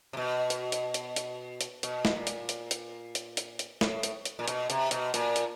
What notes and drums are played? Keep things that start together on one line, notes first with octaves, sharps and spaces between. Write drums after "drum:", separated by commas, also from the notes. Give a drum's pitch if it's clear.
C3
B2
drum: hi-hat
drum: hi-hat
drum: hi-hat
drum: hi-hat
drum: hi-hat
B2, drum: hi-hat
drum: snare
A#2
drum: hi-hat
drum: hi-hat
drum: hi-hat
drum: hi-hat
drum: hi-hat
drum: hi-hat
A2, drum: snare
drum: hi-hat
drum: hi-hat
A#2
B2, drum: hi-hat
C3, drum: hi-hat
B2, drum: hi-hat
A#2, drum: hi-hat
drum: hi-hat